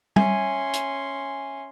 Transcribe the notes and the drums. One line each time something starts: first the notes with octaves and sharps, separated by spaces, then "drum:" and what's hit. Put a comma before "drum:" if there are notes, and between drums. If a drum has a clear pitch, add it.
C#4 E5 G#5 C6, drum: tom G3
drum: hi-hat